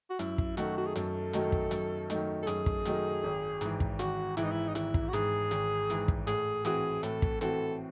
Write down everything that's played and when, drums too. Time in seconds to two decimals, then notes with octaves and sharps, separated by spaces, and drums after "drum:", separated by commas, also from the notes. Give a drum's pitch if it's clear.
0.10 F#4
0.19 F#2 E4, drum: hi-hat
0.38 drum: kick
0.57 D#3 F#3 A3 D#4 F#4, drum: hi-hat
0.78 F#4
0.86 G#4
0.96 F#2 A4, drum: hi-hat
1.33 D#3 F#3 A3 D#4, drum: hi-hat
1.52 drum: kick
1.71 F#2, drum: hi-hat
2.10 D#3 F#3 A3 D#4, drum: hi-hat
2.42 A4
2.47 F#2 G#4, drum: hi-hat
2.66 drum: kick
2.85 D#3 F#3 A3 D#4, drum: hi-hat
3.24 G#1
3.61 G#2 E3, drum: hi-hat
3.80 drum: kick
3.99 G#1 F#4, drum: hi-hat
4.37 G#2 E3 E4, drum: hi-hat
4.44 D#4
4.51 E4
4.68 D#4
4.75 G#1 E4, drum: hi-hat
4.94 drum: kick
5.09 F#4
5.13 G#2 E3 G#4, drum: hi-hat
5.51 G#1, drum: hi-hat
5.90 G#2 E3, drum: hi-hat
6.08 drum: kick
6.27 A2 G#4, drum: hi-hat
6.65 E3 C4 F#4 G#4, drum: hi-hat
7.03 A2 A4, drum: hi-hat
7.22 drum: kick
7.41 E3 C4 F#4 A4, drum: hi-hat